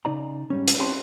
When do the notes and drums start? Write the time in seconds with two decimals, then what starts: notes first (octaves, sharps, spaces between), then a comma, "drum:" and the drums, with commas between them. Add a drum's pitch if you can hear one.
0.05 C#3 D#4 D5 A#5
0.50 G#2 G3 C#4
0.68 drum: hi-hat
0.79 C4 C#4 G4 A5 B5 C6